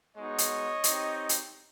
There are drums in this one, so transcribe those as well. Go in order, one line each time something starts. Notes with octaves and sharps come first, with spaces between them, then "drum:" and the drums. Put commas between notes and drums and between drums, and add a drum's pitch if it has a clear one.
G#3 B3 D#4 F#4 C#5 D#5
drum: hi-hat
C4 D#4 G4, drum: hi-hat
drum: hi-hat